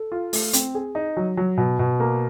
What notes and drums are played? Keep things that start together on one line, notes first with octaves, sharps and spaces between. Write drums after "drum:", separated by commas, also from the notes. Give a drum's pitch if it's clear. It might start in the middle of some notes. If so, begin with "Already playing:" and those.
Already playing: A4
F4
A3, drum: open hi-hat
C4, drum: hi-hat
G#4
D#4
F#3
F#3
B2
B2
A#3